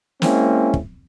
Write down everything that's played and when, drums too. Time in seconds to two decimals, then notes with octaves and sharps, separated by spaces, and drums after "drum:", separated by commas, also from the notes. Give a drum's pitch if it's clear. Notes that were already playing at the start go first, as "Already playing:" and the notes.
0.22 G#3 A#3 C4 C#4 E4, drum: snare
0.74 drum: kick